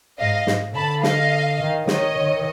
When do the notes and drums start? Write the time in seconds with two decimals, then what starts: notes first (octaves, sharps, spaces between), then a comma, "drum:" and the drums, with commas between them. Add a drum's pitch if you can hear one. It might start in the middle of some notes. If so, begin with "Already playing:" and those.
0.19 G#2 D#5 F5
0.47 G#2, drum: snare
0.75 D3 A5 B5
1.03 D#5 F5, drum: snare
1.60 D#3
1.87 D#3 C#5 D#5, drum: snare
2.16 D#3